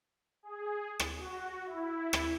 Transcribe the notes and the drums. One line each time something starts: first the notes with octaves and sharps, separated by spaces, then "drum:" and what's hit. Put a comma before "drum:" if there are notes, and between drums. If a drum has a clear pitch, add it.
G#4
drum: rim click
F#4
E4
drum: rim click